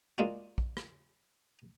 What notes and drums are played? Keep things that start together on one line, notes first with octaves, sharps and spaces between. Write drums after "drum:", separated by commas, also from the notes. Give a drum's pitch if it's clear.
G#3 A#3 D4 F4 F#4
drum: kick
drum: rim click